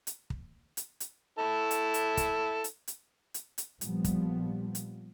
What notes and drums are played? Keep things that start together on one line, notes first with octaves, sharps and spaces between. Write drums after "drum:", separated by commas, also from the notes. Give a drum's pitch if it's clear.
drum: hi-hat
drum: kick
drum: hi-hat
drum: hi-hat
E4 A4
drum: hi-hat
drum: hi-hat
drum: kick, hi-hat
drum: hi-hat
drum: hi-hat
drum: hi-hat
drum: hi-hat
A#1 A#2 F3 G3 B3, drum: hi-hat
drum: kick, hi-hat
drum: hi-hat